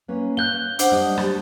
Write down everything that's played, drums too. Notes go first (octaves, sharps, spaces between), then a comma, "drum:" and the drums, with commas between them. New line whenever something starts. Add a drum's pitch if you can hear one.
A#3 C#4 B4
F5 F#6 G6 G7
D4 C5 F#5, drum: hi-hat
G3 A3 D#5
A3 G4, drum: rim click